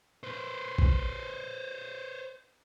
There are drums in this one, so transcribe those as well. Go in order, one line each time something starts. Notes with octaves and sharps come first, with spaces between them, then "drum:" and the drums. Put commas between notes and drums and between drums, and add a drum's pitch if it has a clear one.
B4 C5
drum: kick